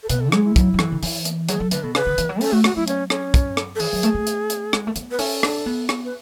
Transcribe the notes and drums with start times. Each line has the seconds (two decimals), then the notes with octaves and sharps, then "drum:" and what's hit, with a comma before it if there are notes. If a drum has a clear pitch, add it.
0.03 A4
0.09 B2 B4, drum: hi-hat
0.20 A4
0.32 G#3 G#4, drum: rim click
0.44 E4
0.56 F#3, drum: kick, hi-hat
0.74 F#3
0.79 E3, drum: rim click
0.92 D3
1.03 E3, drum: open hi-hat
1.25 drum: hi-hat
1.49 F#3 G#4, drum: hi-hat
1.60 F#3 A4
1.71 D3 B4, drum: hi-hat
1.83 B2 A4
1.95 C#3 B4, drum: rim click
2.06 D3
2.18 E3, drum: hi-hat
2.29 F#3
2.41 C#4 A4, drum: open hi-hat
2.52 A3 F#4
2.64 F#4, drum: rim click
2.76 F#3 E4
2.88 C#4, drum: hi-hat
3.10 C#4, drum: rim click
3.34 drum: kick, hi-hat
3.57 drum: rim click
3.75 A4
3.80 E3 G#4, drum: open hi-hat
3.93 F#3
4.03 A3, drum: hi-hat
4.15 A3
4.27 drum: hi-hat
4.50 drum: hi-hat
4.73 G#3, drum: rim click
4.87 A3
4.96 B3, drum: hi-hat
5.11 B4
5.19 C#4 A4, drum: open hi-hat
5.43 D4, drum: rim click
5.66 B3
5.89 drum: rim click
6.05 B4